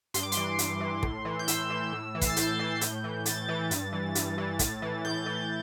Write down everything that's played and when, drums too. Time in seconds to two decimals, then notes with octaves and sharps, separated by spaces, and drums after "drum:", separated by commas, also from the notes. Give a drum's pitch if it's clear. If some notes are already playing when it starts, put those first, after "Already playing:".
0.14 G2 C6, drum: hi-hat
0.23 D6
0.32 C6, drum: hi-hat
0.37 E3
0.59 G2, drum: hi-hat
0.80 E3
1.03 A2, drum: kick
1.25 E3
1.39 G6
1.48 A2 E6, drum: hi-hat
1.70 E3
1.92 A2
2.15 E3
2.21 C7, drum: kick, hi-hat
2.30 A6
2.36 A2 G6, drum: hi-hat
2.59 E3
2.81 A2, drum: hi-hat
3.04 E3
3.26 A2 A6, drum: hi-hat
3.49 E3
3.71 G2, drum: hi-hat
3.93 E3
4.15 G2, drum: hi-hat
4.38 E3
4.59 A2, drum: kick, hi-hat
4.82 E3
5.05 A2 G6
5.26 E3